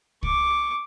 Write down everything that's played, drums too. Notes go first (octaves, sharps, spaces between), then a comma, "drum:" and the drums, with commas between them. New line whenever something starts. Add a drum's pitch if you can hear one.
C#6 D6, drum: kick C2